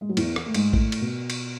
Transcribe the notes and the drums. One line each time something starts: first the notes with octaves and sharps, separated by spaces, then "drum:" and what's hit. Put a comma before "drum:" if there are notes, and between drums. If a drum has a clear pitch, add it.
G#3
F#3
E2 E3, drum: cymbal
drum: rim click
A3
G#2 G#3, drum: cymbal
A2 A3, drum: kick A1
drum: cymbal
B2
drum: cymbal